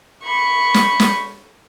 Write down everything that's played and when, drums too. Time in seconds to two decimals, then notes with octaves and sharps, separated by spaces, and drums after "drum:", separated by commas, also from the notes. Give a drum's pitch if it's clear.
0.24 B5 C#6
0.74 drum: snare
1.00 drum: snare